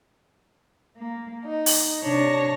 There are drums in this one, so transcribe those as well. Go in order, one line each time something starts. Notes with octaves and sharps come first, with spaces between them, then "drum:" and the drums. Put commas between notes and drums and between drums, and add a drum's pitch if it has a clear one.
A#3
D#4
drum: open hi-hat
C3 D4 C#5 A5 A#6